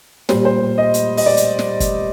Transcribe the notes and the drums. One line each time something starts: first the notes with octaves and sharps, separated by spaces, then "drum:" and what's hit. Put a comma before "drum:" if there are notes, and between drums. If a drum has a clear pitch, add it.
A#2 G3 C5, drum: snare
C5
D#5
drum: hi-hat
D#5, drum: open hi-hat
D5
drum: hi-hat
drum: snare
drum: kick, hi-hat